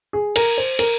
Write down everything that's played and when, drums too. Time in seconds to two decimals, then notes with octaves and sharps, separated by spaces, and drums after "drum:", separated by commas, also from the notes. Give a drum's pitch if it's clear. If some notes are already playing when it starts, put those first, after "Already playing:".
0.13 G#4
0.36 A#4, drum: cymbal
0.58 C5
0.79 A#4, drum: cymbal